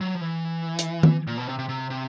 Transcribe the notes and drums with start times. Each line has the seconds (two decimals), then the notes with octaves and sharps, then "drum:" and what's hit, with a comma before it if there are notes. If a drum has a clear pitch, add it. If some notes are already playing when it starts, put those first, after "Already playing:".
0.01 F#3
0.15 F3
0.21 E3
0.79 drum: hi-hat
1.03 drum: tom D#3
1.27 A#2
1.37 B2
1.49 C3
1.59 C3
1.69 C3
1.90 C3